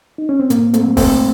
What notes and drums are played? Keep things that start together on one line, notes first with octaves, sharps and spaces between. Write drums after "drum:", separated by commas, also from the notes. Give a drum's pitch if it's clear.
D#4
C#4
C4
A2 A#3, drum: hi-hat
A3 C4, drum: hi-hat
F#3
A3 C4, drum: kick, open hi-hat